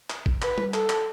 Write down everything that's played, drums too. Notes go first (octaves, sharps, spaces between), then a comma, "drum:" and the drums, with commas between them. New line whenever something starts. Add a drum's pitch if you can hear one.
drum: clap
drum: kick G#1
B4, drum: clap
drum: tom G3
A4, drum: clap
drum: clap